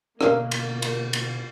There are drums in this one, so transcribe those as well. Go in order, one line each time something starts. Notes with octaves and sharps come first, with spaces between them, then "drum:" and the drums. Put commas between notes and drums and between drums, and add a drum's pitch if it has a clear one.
B2 D3 A#3 A#4 D#5 F5, drum: rim click
drum: cymbal
drum: cymbal
drum: cymbal